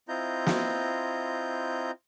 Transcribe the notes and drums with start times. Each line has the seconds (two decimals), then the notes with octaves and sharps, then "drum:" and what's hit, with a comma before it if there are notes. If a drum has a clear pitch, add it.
0.09 C4 E4 F4 D#5 A#5 G6
0.46 drum: snare